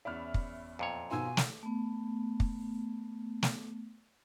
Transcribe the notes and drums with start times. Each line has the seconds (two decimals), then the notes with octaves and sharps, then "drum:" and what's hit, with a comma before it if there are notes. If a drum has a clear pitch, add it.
0.05 E2 C#4 D5 E5 B5 F6
0.34 drum: kick
0.79 F2 A#2 C#5
1.11 B2 D#3 F4 G#5 C6 E6 G#6
1.37 drum: snare
1.63 A3 B3
2.40 drum: kick
3.43 drum: snare